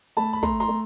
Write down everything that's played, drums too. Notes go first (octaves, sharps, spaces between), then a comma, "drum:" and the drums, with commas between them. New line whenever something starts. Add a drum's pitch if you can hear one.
A3 A5 B5
B5
A3 A#5 C6, drum: kick, hi-hat
A#5 C6, drum: snare
A3